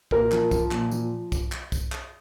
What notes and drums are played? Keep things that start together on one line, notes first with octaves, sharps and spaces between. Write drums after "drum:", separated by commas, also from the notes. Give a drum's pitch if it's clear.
A#2 A#4, drum: kick
F3, drum: clap
F3, drum: kick, tambourine
A#2, drum: clap
F3, drum: tambourine
drum: kick, tambourine
drum: clap
drum: kick, tambourine
drum: clap